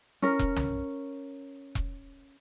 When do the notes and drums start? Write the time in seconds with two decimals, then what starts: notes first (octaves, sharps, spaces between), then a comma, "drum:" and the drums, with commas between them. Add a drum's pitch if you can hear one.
0.22 C#4 A#4
0.39 drum: kick E1
0.56 drum: tom
1.75 drum: kick E1